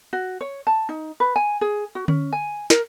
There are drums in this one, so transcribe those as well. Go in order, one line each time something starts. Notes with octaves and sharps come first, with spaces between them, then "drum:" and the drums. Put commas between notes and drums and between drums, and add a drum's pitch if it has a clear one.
F#4
C#5
A5
D#4
B4
G#5
G#4
F#4
C#4, drum: tom D3
G#5
A#4, drum: snare